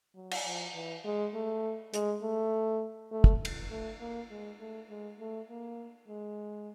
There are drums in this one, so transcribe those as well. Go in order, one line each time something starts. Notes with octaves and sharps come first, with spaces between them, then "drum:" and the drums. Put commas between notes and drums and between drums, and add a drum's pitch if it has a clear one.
F#3
drum: cymbal
F3
E3
G#3
A3
G#3, drum: hi-hat
A3
A3
drum: kick
drum: cymbal
A3
A#3
G#3
A3
G#3
A3
A#3
G#3